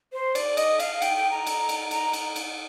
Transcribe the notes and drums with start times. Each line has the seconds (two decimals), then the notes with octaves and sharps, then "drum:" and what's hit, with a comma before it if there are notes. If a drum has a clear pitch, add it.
0.13 C5
0.35 D5, drum: cymbal
0.57 D#5, drum: cymbal
0.80 F5, drum: cymbal
1.02 G5, drum: cymbal
1.17 G5
1.31 A#5
1.47 drum: cymbal
1.69 drum: cymbal
1.91 A#5, drum: cymbal
2.13 drum: cymbal
2.36 drum: cymbal